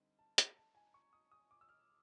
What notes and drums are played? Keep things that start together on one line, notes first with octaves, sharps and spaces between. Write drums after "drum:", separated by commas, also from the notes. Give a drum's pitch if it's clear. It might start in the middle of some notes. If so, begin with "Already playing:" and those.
Already playing: D3 G3 C4 D#4
A5
A#5, drum: hi-hat
A5
G#5
C#6
D#6
D#6
D6
E6
F6